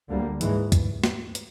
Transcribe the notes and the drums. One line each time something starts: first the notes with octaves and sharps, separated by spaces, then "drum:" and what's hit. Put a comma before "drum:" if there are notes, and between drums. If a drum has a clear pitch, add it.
D2 D3 G3 A#3
G#2 E3 G#3, drum: hi-hat
drum: kick, hi-hat
drum: snare
drum: hi-hat